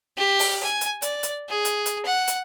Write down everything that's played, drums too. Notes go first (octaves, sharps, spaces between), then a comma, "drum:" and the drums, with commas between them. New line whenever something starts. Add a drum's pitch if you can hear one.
G4
drum: open hi-hat
G#5
drum: hi-hat
D5, drum: hi-hat
drum: hi-hat
G#4
drum: hi-hat
drum: hi-hat
F#5
drum: hi-hat